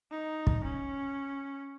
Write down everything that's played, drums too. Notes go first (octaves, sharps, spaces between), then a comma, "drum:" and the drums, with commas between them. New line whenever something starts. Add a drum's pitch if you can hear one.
D#4
drum: kick
C#4